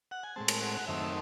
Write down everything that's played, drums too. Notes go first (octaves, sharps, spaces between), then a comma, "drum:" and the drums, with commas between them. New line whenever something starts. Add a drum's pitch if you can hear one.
F#5
G#5
A2 G#3 C4 A5
drum: cymbal
F#5
F#2 D#3 A3 C4 E5